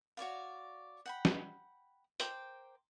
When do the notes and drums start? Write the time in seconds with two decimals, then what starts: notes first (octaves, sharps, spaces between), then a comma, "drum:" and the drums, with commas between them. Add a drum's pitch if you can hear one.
0.17 F#4 C#5 D5 F5
1.06 F#5 G5 B5
1.25 drum: snare
2.20 A#4 C5 G5 D6, drum: hi-hat